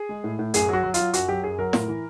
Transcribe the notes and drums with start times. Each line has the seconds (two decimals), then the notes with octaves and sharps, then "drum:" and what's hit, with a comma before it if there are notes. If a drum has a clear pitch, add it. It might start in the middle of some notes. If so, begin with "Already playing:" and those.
Already playing: G#4
0.09 G#3
0.24 A2
0.39 A2
0.54 F#2 G#4, drum: hi-hat
0.69 F#3 F#4
0.84 F#3
0.94 F#3 F4, drum: hi-hat
1.13 F#2 F#4, drum: hi-hat
1.28 F#3 G4
1.43 F#2 G#4
1.59 F#3 A#4
1.73 A2, drum: snare
1.88 E3